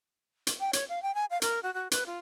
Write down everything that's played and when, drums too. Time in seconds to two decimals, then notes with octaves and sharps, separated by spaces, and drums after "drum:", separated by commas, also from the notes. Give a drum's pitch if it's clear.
0.47 drum: hi-hat
0.60 G5
0.73 C#5, drum: hi-hat
0.89 F5
1.02 G5
1.15 G#5
1.30 F5
1.42 A#4, drum: hi-hat
1.63 F#4
1.74 F#4
1.91 B4, drum: hi-hat
2.06 F4